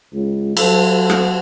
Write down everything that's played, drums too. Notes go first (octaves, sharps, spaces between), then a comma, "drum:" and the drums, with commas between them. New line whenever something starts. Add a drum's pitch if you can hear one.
C#2
F#3 A4, drum: cymbal
drum: rim click